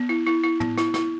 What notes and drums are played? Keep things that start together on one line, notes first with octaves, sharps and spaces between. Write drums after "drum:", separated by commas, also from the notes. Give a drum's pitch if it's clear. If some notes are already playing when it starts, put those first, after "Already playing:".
Already playing: B3
E4
E4
E4
B3, drum: tom
E4, drum: snare
E4, drum: snare